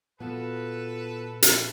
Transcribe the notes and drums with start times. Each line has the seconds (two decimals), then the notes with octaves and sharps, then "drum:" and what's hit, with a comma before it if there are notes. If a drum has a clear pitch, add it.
0.20 A#2 B3 F4 F#4 A4 B4
1.42 drum: hi-hat